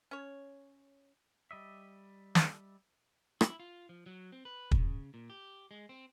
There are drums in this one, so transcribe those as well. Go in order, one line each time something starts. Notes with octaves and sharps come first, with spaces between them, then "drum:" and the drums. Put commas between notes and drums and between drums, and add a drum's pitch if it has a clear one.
C#4 C#5
G3 D#5 E5
drum: snare
E4, drum: rim click
F4
F3
F#3
C4
B4
C#3, drum: kick
A#2
G4
G#3
C4